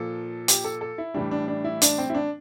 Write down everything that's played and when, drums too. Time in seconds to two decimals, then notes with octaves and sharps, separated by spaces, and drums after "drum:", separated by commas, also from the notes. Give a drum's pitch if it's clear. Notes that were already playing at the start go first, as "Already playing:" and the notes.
Already playing: A#2 F3 A4
0.48 G4, drum: hi-hat
0.64 A4
0.81 A4
0.98 E4
1.14 A2 E3 G3 D4
1.31 D4
1.48 D4
1.64 E4
1.82 D4, drum: hi-hat
1.98 C4
2.10 E4
2.15 D4